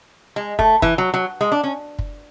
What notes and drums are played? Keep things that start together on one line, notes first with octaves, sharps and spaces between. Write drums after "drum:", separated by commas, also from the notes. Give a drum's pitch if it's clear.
G#3
A3, drum: kick
E3, drum: kick
F#3
F#3
G#3
D4
C#4
drum: kick